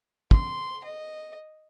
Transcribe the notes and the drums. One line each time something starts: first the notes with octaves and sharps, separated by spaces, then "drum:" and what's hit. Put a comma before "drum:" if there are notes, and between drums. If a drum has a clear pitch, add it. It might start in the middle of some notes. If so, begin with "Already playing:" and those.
C6, drum: kick
D#5